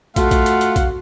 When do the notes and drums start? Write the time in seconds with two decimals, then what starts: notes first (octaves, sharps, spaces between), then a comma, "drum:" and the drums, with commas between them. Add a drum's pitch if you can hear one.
0.16 A3 F4 F#4 F5 F#5, drum: kick, hi-hat
0.31 drum: kick, hi-hat
0.46 drum: hi-hat
0.61 drum: hi-hat
0.76 drum: kick, hi-hat